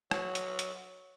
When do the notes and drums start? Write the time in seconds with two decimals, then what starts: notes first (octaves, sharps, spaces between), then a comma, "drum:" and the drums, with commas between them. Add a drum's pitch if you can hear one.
0.11 F#3, drum: rim click
0.35 drum: hi-hat
0.59 drum: hi-hat